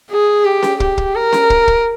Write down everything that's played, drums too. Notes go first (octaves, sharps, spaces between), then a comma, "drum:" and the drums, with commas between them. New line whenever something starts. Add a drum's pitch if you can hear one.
G#4
G4
drum: snare C#4
G4, drum: kick
drum: kick
A#4
drum: snare C#4
drum: kick
drum: kick